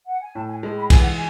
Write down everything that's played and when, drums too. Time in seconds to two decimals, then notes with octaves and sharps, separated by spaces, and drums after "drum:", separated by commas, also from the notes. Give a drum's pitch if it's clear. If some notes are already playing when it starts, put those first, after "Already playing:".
0.07 F#5
0.21 G#5
0.35 A2 A5
0.48 G#5
0.62 G#3 A5
0.77 B5
0.90 E3 G#5, drum: kick, cymbal
1.02 F#5
1.14 G#5